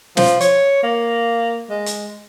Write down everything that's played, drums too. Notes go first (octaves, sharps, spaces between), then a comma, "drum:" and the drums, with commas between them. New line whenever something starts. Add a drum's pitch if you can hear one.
F3, drum: snare
C#5, drum: hi-hat
A#3
G#3
drum: hi-hat